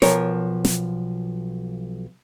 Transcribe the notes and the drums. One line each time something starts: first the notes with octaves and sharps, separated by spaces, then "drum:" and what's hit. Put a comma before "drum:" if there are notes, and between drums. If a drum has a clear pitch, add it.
B1 F3 A#4 C#5, drum: snare
drum: snare